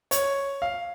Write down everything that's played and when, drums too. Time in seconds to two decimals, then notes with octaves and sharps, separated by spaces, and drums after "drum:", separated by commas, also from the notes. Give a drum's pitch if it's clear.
0.11 C#5, drum: hi-hat
0.62 F5